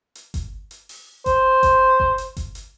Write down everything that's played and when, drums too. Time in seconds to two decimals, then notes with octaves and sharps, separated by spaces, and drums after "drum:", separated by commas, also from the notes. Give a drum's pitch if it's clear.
0.15 drum: hi-hat
0.34 drum: kick G1, hi-hat
0.71 drum: hi-hat
0.89 drum: open hi-hat
1.26 C5, drum: kick G1, hi-hat
1.63 drum: kick G1, hi-hat
2.00 drum: kick G1
2.18 drum: hi-hat
2.37 drum: kick G1, hi-hat
2.55 drum: hi-hat